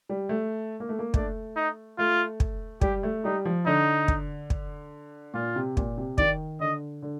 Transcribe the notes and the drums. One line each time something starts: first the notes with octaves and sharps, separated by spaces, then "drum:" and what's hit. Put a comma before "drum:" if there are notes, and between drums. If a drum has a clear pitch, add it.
G3
A3
A#3
A3
A#3
A3 D4, drum: kick
D#4
A3 F4
drum: kick
G3 G4, drum: kick
A3
G3 D#4
F3
D3 D#4
drum: kick
drum: kick
A#2 F4
C3
A#2, drum: kick
C3
D#3 D5, drum: kick
D3 D#5
D3